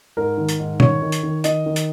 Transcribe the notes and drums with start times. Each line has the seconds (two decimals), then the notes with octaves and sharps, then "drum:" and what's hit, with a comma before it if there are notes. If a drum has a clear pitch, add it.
0.17 G#2 A#4
0.37 D#3
0.49 drum: hi-hat
0.59 G#2
0.80 D#3 C#5, drum: tom
1.02 D#3
1.12 drum: hi-hat
1.23 D#3
1.44 D#3 D#5, drum: hi-hat
1.66 D#3
1.76 drum: hi-hat